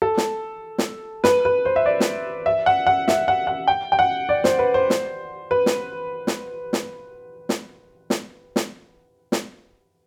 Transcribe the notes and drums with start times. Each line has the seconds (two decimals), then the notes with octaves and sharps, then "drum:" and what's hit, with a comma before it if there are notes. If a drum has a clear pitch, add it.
0.02 A4
0.17 drum: snare
0.78 drum: snare
1.24 B4, drum: snare
1.45 B4
1.65 C5
1.76 E5
1.86 D5
2.00 drum: snare
2.46 E5
2.66 F#5
2.87 F#5
3.08 E5, drum: snare
3.28 F#5
3.47 F#5
3.68 G5
3.92 G5
3.99 F#5
4.29 D5
4.44 C5, drum: snare
4.59 B4
4.74 C5
4.90 drum: snare
5.51 B4
5.66 drum: snare
6.27 drum: snare
6.73 drum: snare
7.49 drum: snare
8.10 drum: snare
8.56 drum: snare
9.32 drum: snare